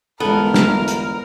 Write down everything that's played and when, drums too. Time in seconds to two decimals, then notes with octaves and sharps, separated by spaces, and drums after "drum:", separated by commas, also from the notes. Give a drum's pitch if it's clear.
0.20 G1 E2 G#3 B3 A4 A#4
0.54 drum: snare
0.88 drum: hi-hat